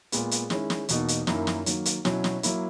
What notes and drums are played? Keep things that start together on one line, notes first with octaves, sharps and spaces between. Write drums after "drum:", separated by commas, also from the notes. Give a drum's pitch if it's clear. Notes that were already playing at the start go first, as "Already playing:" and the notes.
A#2 G#3 B3, drum: hi-hat
drum: hi-hat
D#3 G#3 C#4 E4, drum: snare
drum: snare
E2 B2 A#3 D#4, drum: hi-hat
drum: hi-hat
F#2 D#3 F#3 A#3 E4, drum: snare
drum: snare
D#3 F#3 A#3, drum: hi-hat
drum: hi-hat
B2 F#3 C#4 E4, drum: snare
drum: snare
F#3 A#3 E4, drum: hi-hat